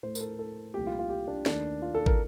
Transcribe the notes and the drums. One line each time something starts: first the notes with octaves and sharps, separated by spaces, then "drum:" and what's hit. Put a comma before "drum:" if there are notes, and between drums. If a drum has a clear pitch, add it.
A2 A3 C5
A#4, drum: tambourine
A4
A4
C2 A#2 F3 A3 G4
F4
F4
G4
D4
D#2 D#3 A3 D4, drum: snare
F4
A4
A#4, drum: kick